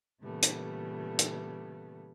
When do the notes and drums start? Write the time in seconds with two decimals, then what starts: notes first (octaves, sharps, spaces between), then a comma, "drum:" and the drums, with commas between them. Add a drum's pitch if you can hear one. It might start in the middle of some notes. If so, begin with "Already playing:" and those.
0.23 A#2 C#3 E3 G3 A3 B3
0.43 drum: hi-hat
1.19 drum: hi-hat